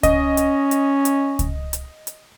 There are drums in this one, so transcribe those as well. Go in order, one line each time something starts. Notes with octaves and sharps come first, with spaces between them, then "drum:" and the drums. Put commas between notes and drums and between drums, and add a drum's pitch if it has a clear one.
C#4 D#5, drum: kick C#2, hi-hat
drum: hi-hat
drum: hi-hat
drum: hi-hat
drum: kick C#2, hi-hat
drum: hi-hat
drum: hi-hat